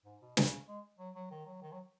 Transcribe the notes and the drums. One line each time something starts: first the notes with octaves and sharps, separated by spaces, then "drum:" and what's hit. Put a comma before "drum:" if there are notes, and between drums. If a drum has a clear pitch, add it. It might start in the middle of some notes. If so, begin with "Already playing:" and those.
G#2
B2
C#3, drum: snare
G#3
F#3
F#3
D#3
F#3
D#3
F#3